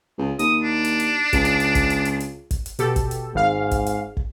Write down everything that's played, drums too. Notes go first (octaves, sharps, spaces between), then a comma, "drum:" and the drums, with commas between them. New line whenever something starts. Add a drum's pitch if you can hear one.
C#2
D#2 D#6, drum: hi-hat
D4
drum: hi-hat
drum: hi-hat
C#2, drum: kick, hi-hat
drum: hi-hat
drum: hi-hat
drum: kick, hi-hat
drum: hi-hat
drum: hi-hat
drum: hi-hat
drum: kick, hi-hat
drum: hi-hat
B2 G4 A4, drum: hi-hat
drum: kick, hi-hat
drum: hi-hat
G#1 G#2 F5
drum: kick, hi-hat
drum: hi-hat
drum: kick